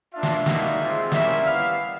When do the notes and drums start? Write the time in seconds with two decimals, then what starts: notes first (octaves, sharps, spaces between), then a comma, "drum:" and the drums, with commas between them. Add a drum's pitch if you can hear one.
0.13 A#3 D4 F4 E5
0.23 drum: snare
0.46 G3 A#3 D#4 F#4, drum: snare
0.79 G#3 C4 F4
1.12 G3 A#3 C#4 E4 G4 E5, drum: snare
1.44 G3 B3 E4 F5